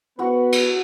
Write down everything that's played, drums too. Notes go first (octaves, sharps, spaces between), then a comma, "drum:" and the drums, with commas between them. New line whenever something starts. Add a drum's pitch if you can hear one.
B3 F#4 B4 F#5 C#6
drum: cymbal